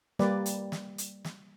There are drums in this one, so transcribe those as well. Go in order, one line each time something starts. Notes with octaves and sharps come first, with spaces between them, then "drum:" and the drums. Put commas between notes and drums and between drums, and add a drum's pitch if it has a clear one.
G3 A#3 G4 B4 D5, drum: snare
drum: hi-hat
drum: snare
drum: hi-hat
drum: snare